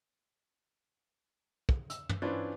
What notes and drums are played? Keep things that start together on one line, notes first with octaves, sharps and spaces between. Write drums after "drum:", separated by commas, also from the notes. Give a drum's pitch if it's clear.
drum: kick
E6, drum: hi-hat
drum: tom
E3 C#4 D4 F4 B4 C5